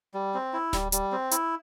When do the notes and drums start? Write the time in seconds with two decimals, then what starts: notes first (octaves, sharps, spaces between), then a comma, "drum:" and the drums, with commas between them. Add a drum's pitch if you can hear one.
0.14 G3
0.34 C4
0.53 E4
0.73 G3, drum: snare D1
0.92 G3, drum: hi-hat
1.12 C4
1.31 E4, drum: hi-hat